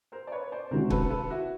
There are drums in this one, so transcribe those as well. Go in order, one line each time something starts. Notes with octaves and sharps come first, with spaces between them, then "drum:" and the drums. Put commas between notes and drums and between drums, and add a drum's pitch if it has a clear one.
A#4 C5
D5
B4 C#5
C5 D5
C3 D#3 G#3 C#4 F#4 A#4 C5
A4 B4, drum: kick
A4 B4
E4 F#4